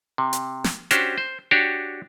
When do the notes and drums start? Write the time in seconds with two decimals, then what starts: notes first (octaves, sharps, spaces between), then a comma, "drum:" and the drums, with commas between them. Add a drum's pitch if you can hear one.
0.18 C3
0.33 drum: hi-hat
0.64 drum: snare
0.91 C#4 D4 F#4 G4 C5, drum: hi-hat
1.18 C5
1.51 D4 F#4 G4 C#5